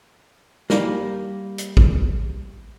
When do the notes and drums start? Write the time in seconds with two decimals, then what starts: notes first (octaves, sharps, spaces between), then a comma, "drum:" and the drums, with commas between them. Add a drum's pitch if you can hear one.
0.70 G3 A#3, drum: snare
1.58 drum: hi-hat
1.77 drum: kick